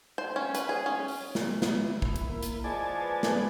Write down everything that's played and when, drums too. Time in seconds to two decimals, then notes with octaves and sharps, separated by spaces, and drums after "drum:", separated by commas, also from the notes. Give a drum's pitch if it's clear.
0.18 C5
0.36 C#4
0.55 B4, drum: hi-hat
0.69 G#4
0.86 C#4
1.08 drum: open hi-hat
1.35 drum: snare
1.62 drum: snare
1.81 E4
2.02 drum: kick
2.16 drum: hi-hat
2.30 A#3
2.43 drum: hi-hat
2.64 F3 G#3 D5 G#5 A5
3.00 B4
3.23 drum: snare